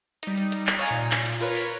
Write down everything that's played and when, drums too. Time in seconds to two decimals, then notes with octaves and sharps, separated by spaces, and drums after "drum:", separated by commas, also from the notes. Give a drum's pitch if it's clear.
0.23 G3 D#4, drum: hi-hat
0.37 drum: hi-hat
0.52 drum: hi-hat
0.67 drum: clap
0.79 C#5 D#5 F5 G#5 A#5, drum: hi-hat
0.91 A#2
1.11 drum: clap
1.26 drum: hi-hat
1.41 F4 A#4 B4 C#5, drum: hi-hat
1.55 drum: open hi-hat